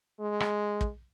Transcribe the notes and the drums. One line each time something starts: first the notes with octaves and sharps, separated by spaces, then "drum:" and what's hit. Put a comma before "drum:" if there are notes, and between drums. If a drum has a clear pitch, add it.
G#3
drum: rim click
drum: kick